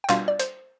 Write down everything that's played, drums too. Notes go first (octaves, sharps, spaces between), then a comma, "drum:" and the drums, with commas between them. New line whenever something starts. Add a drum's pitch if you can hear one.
G5
B2 G3 D4 F4 F5, drum: clap
D5
C5, drum: hi-hat